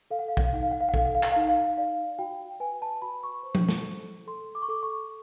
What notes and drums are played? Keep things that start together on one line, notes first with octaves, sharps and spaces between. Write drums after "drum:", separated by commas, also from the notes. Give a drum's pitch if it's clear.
A4 F5
F#5
F5
F#5, drum: kick A#1
F5
D#4 F#5
F5
F#5
F5
F#5
A4 F5, drum: kick A#1
F#5
F5
F#5, drum: clap
F5
D#4 F#5
F5
D5 F5
F#4 G5
B4 G#5
A5
F#4 B5
C#6
C5
drum: tom F3
drum: snare
A4
A4 C6
D6
C#6
A4 D6
C#6